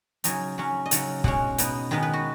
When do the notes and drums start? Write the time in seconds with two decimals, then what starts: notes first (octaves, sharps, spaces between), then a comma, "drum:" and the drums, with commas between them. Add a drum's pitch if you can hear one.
0.24 C#3 F#3 D#4 G#5, drum: hi-hat
0.58 F#3 C#4 F#5
0.86 D#5
0.91 C#3 F#3 D#4 F#5, drum: hi-hat
1.24 B2 G#3 C#4 F#5, drum: kick
1.58 B2 B3 D#4, drum: hi-hat
1.91 D#3 G#3 B3 D#4 B4
2.03 B4
2.13 F#4